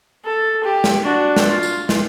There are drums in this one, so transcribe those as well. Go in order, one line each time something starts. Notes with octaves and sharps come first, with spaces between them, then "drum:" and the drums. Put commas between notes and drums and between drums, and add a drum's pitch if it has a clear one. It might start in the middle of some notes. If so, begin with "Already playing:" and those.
A4
G4
drum: snare
D4 F#4
drum: snare
F4
drum: tambourine
drum: snare